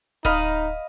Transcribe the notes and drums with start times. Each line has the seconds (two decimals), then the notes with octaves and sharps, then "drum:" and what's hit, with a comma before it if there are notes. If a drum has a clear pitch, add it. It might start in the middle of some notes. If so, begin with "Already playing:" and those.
0.25 D#4 D#5 F5 B5, drum: kick D1